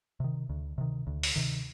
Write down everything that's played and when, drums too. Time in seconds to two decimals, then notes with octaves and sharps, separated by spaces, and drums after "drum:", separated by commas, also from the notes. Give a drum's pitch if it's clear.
0.20 C3 D#3
0.49 D2
0.78 C3 D#3
1.07 D2
1.23 drum: open hi-hat
1.36 C3 D#3